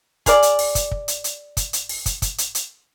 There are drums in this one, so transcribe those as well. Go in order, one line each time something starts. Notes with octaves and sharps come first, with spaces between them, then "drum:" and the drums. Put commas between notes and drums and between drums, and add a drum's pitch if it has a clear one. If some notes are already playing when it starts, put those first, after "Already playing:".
G#4 A#4 D5, drum: kick, hi-hat
drum: hi-hat
drum: open hi-hat
drum: kick, hi-hat
drum: kick
drum: hi-hat
drum: hi-hat
drum: kick, hi-hat
drum: hi-hat
drum: open hi-hat
drum: kick, hi-hat
drum: kick, hi-hat
drum: hi-hat
drum: hi-hat